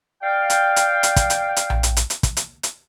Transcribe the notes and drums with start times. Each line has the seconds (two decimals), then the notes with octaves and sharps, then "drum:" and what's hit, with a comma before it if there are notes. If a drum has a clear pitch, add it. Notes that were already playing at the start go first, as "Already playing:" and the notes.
0.23 D5 F5 G5
0.50 drum: hi-hat
0.76 drum: hi-hat
1.03 drum: hi-hat
1.16 drum: kick, hi-hat
1.30 drum: hi-hat
1.56 drum: hi-hat
1.70 drum: tom A#1
1.83 drum: hi-hat
1.97 drum: hi-hat
2.10 drum: hi-hat
2.23 drum: kick, hi-hat
2.37 drum: hi-hat
2.63 drum: hi-hat